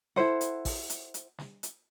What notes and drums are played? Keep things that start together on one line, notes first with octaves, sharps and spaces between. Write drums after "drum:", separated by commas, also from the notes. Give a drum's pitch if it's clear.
E4 A4 C5 F#5, drum: snare
drum: hi-hat
drum: kick, open hi-hat
drum: hi-hat
drum: hi-hat
drum: snare
drum: hi-hat